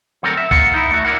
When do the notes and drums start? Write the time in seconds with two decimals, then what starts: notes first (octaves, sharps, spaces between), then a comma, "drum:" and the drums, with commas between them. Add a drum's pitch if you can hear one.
0.23 D2 F#3 C4 A4 A#4
0.37 E5
0.51 A#3 F4 F#5, drum: kick
0.74 D#4 E4
0.91 A3 F#4
1.05 D4 E4 A#4 F#5